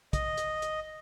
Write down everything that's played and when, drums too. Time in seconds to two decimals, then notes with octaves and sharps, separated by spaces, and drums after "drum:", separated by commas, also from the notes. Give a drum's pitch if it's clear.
0.13 D#5, drum: kick, hi-hat
0.37 drum: hi-hat
0.62 drum: hi-hat